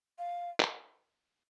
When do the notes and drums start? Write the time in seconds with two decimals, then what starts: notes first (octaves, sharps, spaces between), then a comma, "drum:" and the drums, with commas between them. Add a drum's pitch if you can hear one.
0.19 F5
0.60 drum: clap